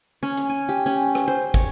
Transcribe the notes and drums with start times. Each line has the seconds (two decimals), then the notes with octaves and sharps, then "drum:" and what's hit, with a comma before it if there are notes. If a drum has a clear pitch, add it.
0.23 C#4
0.37 drum: hi-hat
0.49 G#5
0.69 G4
0.86 C#4
1.15 drum: rim click
1.28 C5
1.54 C#5, drum: kick, hi-hat